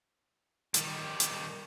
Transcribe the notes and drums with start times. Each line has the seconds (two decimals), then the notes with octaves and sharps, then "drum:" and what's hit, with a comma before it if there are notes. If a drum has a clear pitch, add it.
0.74 D#3 G3, drum: hi-hat
1.20 drum: hi-hat